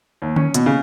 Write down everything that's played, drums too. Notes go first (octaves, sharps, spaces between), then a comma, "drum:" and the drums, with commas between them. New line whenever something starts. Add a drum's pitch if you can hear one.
D#2
C#4, drum: tom D3
B2, drum: hi-hat
C#3